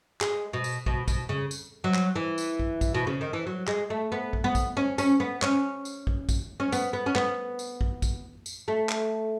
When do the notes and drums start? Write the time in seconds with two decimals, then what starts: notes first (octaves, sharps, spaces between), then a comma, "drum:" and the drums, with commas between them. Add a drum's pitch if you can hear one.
0.21 G#3, drum: clap
0.53 B2
0.64 drum: tambourine
0.86 B2, drum: kick
1.08 B2, drum: kick, tambourine
1.29 C#3
1.51 drum: tambourine
1.84 F#3
1.94 drum: clap
2.16 E3
2.38 drum: tambourine
2.59 drum: kick
2.81 drum: kick, tambourine
2.94 B2
3.07 C#3
3.21 D#3
3.33 E3
3.47 F#3
3.67 G#3, drum: clap
3.90 A3
4.12 B3
4.33 drum: kick
4.44 B3
4.55 drum: kick, tambourine
4.77 C#4
4.98 C#4, drum: tambourine
5.20 B3
5.42 C#4, drum: clap
5.85 drum: tambourine
6.07 drum: kick
6.29 drum: kick, tambourine
6.60 C#4
6.72 B3, drum: tambourine
6.93 B3
7.06 C#4
7.15 B3, drum: clap
7.59 drum: tambourine
7.81 drum: kick
8.02 drum: kick, tambourine
8.46 drum: tambourine
8.68 A3
8.89 drum: clap